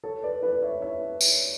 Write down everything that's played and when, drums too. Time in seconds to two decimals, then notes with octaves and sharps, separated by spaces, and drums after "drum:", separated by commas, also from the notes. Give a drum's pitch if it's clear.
0.03 A4 C#5
0.23 B4 D5
0.43 B4 D5
0.62 C#5 E5
0.82 C#5 E5
1.21 drum: tambourine